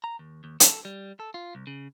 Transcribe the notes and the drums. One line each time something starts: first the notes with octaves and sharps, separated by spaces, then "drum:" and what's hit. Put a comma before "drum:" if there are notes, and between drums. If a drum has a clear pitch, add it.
A#5
D#2
D#2
A4, drum: hi-hat
G3
A4
F4
C2
C#3